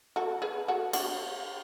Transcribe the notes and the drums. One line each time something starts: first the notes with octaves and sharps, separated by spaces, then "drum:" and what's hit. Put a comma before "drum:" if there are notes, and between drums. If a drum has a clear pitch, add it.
F#4 A4
G#4 B4
F#4 A4
D4 F#4, drum: cymbal